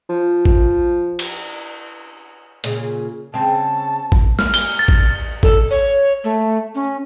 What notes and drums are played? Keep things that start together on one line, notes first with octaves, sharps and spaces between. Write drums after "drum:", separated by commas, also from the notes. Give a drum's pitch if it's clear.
F3
drum: kick A1
drum: cymbal
A#2 C#3, drum: hi-hat
C#3 C4 A5
drum: kick A1
F6, drum: snare
G7, drum: cymbal
A6
drum: kick A1
A4, drum: kick A1
C#5
A3
C#4